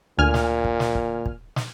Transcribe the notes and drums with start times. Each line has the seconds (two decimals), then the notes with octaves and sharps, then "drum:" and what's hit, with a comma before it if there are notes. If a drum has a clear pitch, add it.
0.19 D2 A#2 G#5 F6
0.34 drum: snare
0.64 drum: kick
0.80 drum: snare
0.95 drum: kick
1.26 drum: kick
1.56 drum: snare